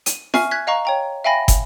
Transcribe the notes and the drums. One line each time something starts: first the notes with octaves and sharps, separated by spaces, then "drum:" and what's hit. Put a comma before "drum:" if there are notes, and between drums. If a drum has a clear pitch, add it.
D#7, drum: hi-hat
E5 G#5 C#6 F6 C7, drum: snare F4
F#6 G#6 B6
D#5 F5 A#5 C#6
C#5 G5 A#5
E5 F5 G5 G#5 B5 A#6
drum: kick, hi-hat